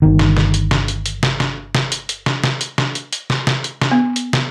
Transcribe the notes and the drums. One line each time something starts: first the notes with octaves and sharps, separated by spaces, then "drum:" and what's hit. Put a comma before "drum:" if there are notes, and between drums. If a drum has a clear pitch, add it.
G1 D#3
drum: snare
drum: snare
drum: hi-hat
drum: snare
drum: hi-hat
drum: hi-hat
drum: snare
drum: snare
drum: snare
drum: hi-hat
drum: hi-hat
drum: snare
drum: snare
drum: hi-hat
drum: snare
drum: hi-hat
drum: hi-hat
drum: snare
drum: snare
drum: hi-hat
drum: snare
B3
drum: hi-hat
drum: snare